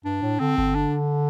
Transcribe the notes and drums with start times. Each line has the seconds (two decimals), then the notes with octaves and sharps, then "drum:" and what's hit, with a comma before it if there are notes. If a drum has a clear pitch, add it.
0.05 G2 D4
0.23 A2
0.40 D3 C4
0.58 D3, drum: kick G1
0.76 D4